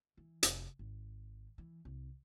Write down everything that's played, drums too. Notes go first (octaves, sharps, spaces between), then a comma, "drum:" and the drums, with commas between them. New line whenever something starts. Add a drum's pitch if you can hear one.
E3
F1, drum: hi-hat
G#1
E3
C2